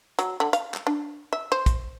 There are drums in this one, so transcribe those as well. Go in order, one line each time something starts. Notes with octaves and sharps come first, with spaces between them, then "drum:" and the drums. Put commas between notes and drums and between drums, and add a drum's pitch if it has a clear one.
F#3, drum: hi-hat
D3
F5, drum: hi-hat
drum: clap
D4
E5
C5
drum: kick, hi-hat